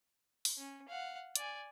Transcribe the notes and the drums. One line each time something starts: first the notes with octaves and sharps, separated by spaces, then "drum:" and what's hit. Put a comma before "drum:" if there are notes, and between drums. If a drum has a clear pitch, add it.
drum: open hi-hat
C#4
F5 F#5
D5 G#5, drum: hi-hat